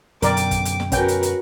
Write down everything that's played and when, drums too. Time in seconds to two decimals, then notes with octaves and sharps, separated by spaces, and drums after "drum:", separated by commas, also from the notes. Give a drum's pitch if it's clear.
0.22 F#2 B2 D3 A#4 D5 G5 D6, drum: hi-hat
0.37 drum: hi-hat
0.51 drum: kick, hi-hat
0.65 drum: hi-hat
0.80 drum: snare
0.92 C#4 F#4 A#4 B4 G5, drum: kick, hi-hat
1.08 drum: hi-hat
1.23 drum: hi-hat